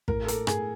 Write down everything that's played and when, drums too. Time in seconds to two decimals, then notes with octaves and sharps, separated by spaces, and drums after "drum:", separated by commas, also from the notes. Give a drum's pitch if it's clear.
0.08 A2 A#4, drum: kick
0.24 A4
0.28 A#4, drum: hi-hat
0.47 A2 G#4, drum: rim click